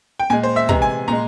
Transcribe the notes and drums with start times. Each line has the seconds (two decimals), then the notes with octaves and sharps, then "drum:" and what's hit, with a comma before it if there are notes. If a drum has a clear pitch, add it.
0.19 G5
0.30 A#2 G#3 G#5
0.43 C5
0.56 E5
0.69 C3 E3 G#3 A#5, drum: kick
0.82 G#5
1.08 A#2 G#3 A#5